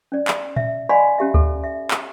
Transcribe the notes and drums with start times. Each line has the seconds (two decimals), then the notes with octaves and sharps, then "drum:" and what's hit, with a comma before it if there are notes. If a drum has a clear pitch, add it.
0.12 C#4 D5
0.28 drum: clap
0.56 E5, drum: tom A#2
0.89 D5 D#5 F5 G#5 B5 C6
1.18 C#4 G4 E5
1.34 A4, drum: kick D2
1.64 E5
1.91 drum: clap